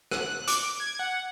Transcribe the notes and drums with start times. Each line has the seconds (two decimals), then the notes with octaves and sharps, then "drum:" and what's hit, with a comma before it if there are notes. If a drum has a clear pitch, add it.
0.11 F#6, drum: rim click
0.48 D6, drum: hi-hat
0.80 G#6
0.99 F#5